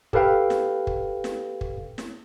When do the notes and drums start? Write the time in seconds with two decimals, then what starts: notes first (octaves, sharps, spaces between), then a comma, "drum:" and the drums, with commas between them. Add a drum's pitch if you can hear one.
0.13 G4 A4 B4 F5 G5, drum: kick
0.50 drum: snare
0.87 drum: kick
1.24 drum: snare
1.61 drum: kick
1.98 drum: snare